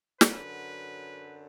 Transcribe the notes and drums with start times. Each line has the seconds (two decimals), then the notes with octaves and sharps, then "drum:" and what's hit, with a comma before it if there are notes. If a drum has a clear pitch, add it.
0.21 F#2 D3 F#3 B4, drum: snare